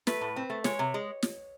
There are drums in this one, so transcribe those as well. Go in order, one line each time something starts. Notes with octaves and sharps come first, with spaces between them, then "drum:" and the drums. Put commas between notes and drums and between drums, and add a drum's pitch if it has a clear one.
A3 B4, drum: snare
A2
C4
A3
G#3 C#5, drum: snare
C3
G#3
drum: snare